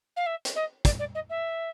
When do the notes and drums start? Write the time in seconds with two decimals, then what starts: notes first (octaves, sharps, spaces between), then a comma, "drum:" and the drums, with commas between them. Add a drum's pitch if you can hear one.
0.16 F5
0.26 E5
0.45 drum: hi-hat
0.55 D#5
0.85 D5, drum: kick, hi-hat
0.99 D5
1.14 D#5
1.29 E5